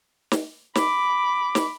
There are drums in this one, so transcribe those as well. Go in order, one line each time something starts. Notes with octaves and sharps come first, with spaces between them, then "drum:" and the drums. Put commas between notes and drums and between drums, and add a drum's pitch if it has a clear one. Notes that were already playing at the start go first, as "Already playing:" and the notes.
drum: snare
B5 D6, drum: snare
drum: snare